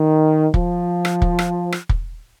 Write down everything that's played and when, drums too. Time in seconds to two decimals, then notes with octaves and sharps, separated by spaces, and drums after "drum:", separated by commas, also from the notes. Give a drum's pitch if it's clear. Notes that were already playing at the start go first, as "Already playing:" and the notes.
Already playing: D#3
0.54 F3, drum: kick
1.05 drum: rim click
1.22 drum: kick
1.39 drum: rim click
1.72 drum: rim click
1.89 drum: kick